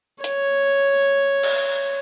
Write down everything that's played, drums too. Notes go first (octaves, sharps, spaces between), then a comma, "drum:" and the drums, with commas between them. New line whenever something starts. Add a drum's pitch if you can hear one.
C#5, drum: hi-hat
drum: cymbal